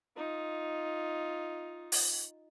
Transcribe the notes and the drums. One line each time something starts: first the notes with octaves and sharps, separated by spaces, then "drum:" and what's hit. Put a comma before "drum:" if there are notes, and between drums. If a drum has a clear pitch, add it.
D#4 F4
drum: open hi-hat